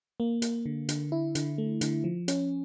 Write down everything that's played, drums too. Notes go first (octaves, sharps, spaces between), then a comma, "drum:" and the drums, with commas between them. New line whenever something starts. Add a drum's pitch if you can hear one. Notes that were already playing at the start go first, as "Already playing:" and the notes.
A#3
A#3, drum: hi-hat
D3
D3, drum: hi-hat
E4
D3, drum: hi-hat
A3
D3, drum: hi-hat
F3
C#4, drum: hi-hat